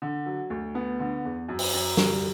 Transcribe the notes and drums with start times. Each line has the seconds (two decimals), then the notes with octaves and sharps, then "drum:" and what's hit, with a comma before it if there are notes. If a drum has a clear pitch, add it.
0.02 D3
0.26 F#3
0.50 D2
0.75 B3
1.00 D3
1.25 E2
1.49 F#2
1.59 drum: open hi-hat
1.73 F#2
1.97 G3, drum: snare